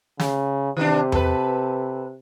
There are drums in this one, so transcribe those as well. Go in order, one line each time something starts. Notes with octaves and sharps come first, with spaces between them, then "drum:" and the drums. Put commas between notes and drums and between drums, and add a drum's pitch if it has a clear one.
C#3, drum: snare
C3 D#3 D4
A4 B4, drum: tom E2